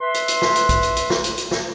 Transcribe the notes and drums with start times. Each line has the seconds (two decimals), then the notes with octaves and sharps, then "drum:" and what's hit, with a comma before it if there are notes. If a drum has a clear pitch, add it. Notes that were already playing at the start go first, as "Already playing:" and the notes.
0.01 B4 E5 C6
0.14 drum: hi-hat
0.28 drum: hi-hat
0.42 drum: snare
0.55 drum: hi-hat
0.69 drum: kick, hi-hat
0.83 drum: hi-hat
0.97 drum: hi-hat
1.10 drum: snare
1.24 drum: hi-hat
1.38 drum: hi-hat
1.51 drum: snare